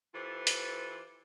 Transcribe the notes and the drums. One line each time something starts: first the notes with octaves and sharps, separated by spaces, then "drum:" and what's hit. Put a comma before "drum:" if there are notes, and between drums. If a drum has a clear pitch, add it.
E3 F4 G4 A4 B4 C5
drum: hi-hat